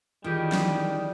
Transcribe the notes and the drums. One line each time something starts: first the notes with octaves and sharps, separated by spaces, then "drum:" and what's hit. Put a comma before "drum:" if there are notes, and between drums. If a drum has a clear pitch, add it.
D#3 E3 G3 F4 G4 G#4
drum: snare